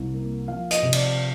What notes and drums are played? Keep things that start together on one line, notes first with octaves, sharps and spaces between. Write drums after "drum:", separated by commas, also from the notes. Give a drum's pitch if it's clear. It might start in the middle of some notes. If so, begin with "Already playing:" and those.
Already playing: C2
A#3
F3 F5
D#5, drum: hi-hat
C3
D5, drum: cymbal